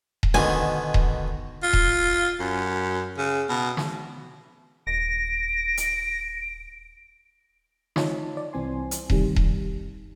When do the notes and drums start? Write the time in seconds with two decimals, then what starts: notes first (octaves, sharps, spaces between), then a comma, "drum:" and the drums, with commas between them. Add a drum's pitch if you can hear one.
0.23 drum: kick D#1
0.34 B2 D3 D#3 G#5
0.94 drum: kick D#1
1.63 F4
1.73 drum: kick D#1
2.40 F#2
3.18 C#3
3.49 B2
3.77 drum: snare
4.87 D#1 A#6 D7
5.77 drum: hi-hat
7.96 D#4 F4 C#5 A5, drum: snare
8.37 D5
8.53 C2 E3 C4 G#5 C6
8.91 drum: hi-hat
9.10 C3 D#3 G3, drum: kick D#1
9.36 drum: kick D#1